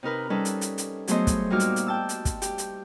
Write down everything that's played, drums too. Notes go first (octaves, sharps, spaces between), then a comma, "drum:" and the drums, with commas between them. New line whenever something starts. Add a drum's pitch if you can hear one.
C3 D#4 A#4 B4
G3 C#4 D#4 A4 B4
drum: hi-hat
drum: hi-hat
drum: hi-hat
F#3 A3 B3 G#4 C5 D#5, drum: hi-hat
drum: kick, hi-hat
A#2 G3 D#4 F#4 D6 F6
drum: hi-hat
drum: hi-hat
G5 A5 E6
drum: hi-hat
drum: kick, hi-hat
G4, drum: hi-hat
drum: hi-hat